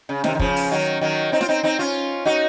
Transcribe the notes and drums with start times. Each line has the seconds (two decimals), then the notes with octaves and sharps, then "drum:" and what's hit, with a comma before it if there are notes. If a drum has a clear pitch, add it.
0.09 C#3
0.24 C3 D#3, drum: snare
0.35 D#3
0.39 C#3 F3, drum: kick
0.56 drum: open hi-hat
0.71 D#3 F#3
1.01 D#3 F#3
1.32 C4 D#4
1.41 F4, drum: snare
1.48 C4 D#4
1.63 C4 D#4
1.79 C#4 F4
2.25 D#4 F#4